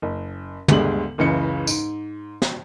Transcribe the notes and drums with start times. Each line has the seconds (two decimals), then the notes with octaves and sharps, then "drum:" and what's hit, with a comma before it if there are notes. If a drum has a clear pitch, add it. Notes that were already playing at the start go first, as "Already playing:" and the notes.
0.02 F#1
0.68 G1 D2 G3 G#3 F#7, drum: tom
1.18 F#1 C#2 C#3 E3 C#7
1.67 G#2, drum: tambourine
2.42 drum: snare